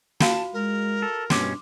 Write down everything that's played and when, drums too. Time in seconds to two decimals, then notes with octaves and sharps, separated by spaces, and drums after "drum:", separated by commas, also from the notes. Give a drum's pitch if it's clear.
0.20 F4 F#4 F5 A5, drum: snare
0.53 G#3 A#4
1.02 A4
1.30 G2 B2 C#4 D4 C6 D6, drum: snare